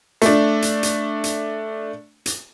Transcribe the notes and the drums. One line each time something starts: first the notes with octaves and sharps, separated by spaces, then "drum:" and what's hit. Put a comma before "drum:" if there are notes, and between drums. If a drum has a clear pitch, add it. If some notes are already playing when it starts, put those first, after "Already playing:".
A3 D4, drum: hi-hat
drum: hi-hat
drum: hi-hat
drum: hi-hat
drum: hi-hat